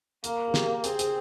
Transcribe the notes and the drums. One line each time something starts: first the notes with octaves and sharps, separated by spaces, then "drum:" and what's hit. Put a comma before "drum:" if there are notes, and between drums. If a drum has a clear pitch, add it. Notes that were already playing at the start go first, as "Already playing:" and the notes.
A#3 A#4, drum: hi-hat
G#4
G4, drum: snare
C4 G#4, drum: hi-hat
G#4, drum: hi-hat